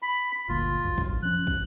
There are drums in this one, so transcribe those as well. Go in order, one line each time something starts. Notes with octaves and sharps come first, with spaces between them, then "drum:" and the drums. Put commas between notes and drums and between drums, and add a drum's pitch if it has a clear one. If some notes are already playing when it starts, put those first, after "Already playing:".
B5
G1 D2 A#2 F4
G#1 C#2 F#2
drum: kick
F3 C#4 F#6
drum: kick